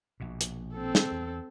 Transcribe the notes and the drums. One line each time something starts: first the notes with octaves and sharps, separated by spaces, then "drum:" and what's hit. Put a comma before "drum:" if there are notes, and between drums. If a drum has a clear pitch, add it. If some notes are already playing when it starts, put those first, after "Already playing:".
A#1 B2
drum: hi-hat
C4 A4
drum: snare
E2